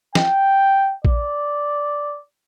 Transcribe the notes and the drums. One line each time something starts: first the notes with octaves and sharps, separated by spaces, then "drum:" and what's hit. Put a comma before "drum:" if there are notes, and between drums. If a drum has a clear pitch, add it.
G5, drum: snare
D5, drum: kick A#1